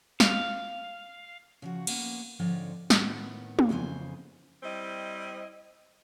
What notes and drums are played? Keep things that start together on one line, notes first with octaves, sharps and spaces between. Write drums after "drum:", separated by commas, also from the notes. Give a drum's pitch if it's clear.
F5, drum: snare
C#3 F3 F#4
A#3 B3 C#4 F#4, drum: cymbal
G#2 D3 F3 C4 C#5 G5
A2 D#3 B3, drum: snare
drum: tom
F2 C#3 E3 C5 G#5
G3 C4 E4 D#5